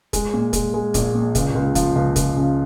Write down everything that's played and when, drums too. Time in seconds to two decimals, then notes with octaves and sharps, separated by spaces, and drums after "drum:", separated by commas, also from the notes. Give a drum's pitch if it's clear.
0.13 G#3, drum: kick, hi-hat
0.33 A#2
0.53 G#3, drum: kick, hi-hat
0.74 G#3
0.94 A#1, drum: kick, hi-hat
1.14 A#2
1.35 C#2, drum: kick, hi-hat
1.55 C#2
1.75 F3, drum: kick, hi-hat
1.95 C#2
2.16 C#2, drum: kick, hi-hat
2.36 C#3